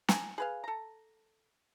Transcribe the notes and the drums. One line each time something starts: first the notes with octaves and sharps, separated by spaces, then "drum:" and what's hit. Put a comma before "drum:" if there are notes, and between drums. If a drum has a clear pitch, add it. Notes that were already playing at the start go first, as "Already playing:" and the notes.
G#5 A#5, drum: snare
G#4 B4 F5
A4 A#5